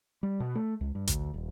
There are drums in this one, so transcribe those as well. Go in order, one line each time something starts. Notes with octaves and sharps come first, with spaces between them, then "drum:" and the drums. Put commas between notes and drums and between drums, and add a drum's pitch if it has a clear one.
G3
B2
A3
C#2
G2
D2, drum: kick A1, hi-hat
D#1